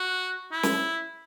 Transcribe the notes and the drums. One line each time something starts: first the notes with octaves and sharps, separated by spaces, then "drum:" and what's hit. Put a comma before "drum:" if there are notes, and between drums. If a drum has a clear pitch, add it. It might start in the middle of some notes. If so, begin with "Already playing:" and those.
Already playing: F#4
E4
drum: snare